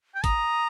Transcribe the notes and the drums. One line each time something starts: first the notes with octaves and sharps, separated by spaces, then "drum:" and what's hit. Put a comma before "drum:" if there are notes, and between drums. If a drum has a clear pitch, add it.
G5
A#5 D#6, drum: kick, hi-hat